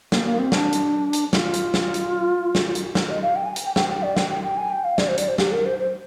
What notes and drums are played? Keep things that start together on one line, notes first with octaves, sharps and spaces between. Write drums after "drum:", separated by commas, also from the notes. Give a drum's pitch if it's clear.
A#3, drum: snare
A#3
C4
D4, drum: snare
drum: hi-hat
drum: hi-hat
F4, drum: snare
drum: hi-hat
drum: snare
drum: hi-hat
drum: snare
drum: hi-hat
F4, drum: snare
D#5
F5
G5
G#5
drum: hi-hat
G5
G5, drum: snare
G5
D5
G5, drum: snare
G5
G5
G#5
G5
F5
D5, drum: snare
C5
D5, drum: hi-hat
C5
G4, drum: snare
A#4
C5
C5